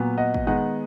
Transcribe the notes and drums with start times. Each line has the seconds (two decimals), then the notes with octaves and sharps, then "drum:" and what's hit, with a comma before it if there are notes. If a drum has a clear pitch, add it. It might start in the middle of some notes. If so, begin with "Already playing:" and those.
Already playing: A#2 F#3 B3
0.18 D#5 F#5
0.34 drum: kick
0.47 D#3 G#3 B3 D#5 F#5